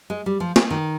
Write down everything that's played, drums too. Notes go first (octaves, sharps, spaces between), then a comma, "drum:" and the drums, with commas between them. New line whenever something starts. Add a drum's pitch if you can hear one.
G#3
G3
F3
drum: snare
D#3